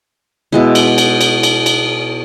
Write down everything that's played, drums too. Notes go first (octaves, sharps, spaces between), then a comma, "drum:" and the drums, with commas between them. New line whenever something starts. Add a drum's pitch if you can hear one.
B2 G#3 E4
drum: cymbal
drum: cymbal
drum: cymbal
drum: cymbal
drum: cymbal